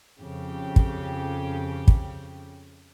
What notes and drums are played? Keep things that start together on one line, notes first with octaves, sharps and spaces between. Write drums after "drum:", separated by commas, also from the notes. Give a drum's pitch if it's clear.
F2 C#3 G4
drum: kick
drum: kick